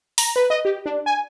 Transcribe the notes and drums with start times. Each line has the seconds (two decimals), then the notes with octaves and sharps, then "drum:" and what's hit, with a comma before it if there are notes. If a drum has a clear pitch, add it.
0.18 A#5, drum: open hi-hat
0.36 B4
0.50 D#5
0.65 G4
0.86 D4
1.06 G#5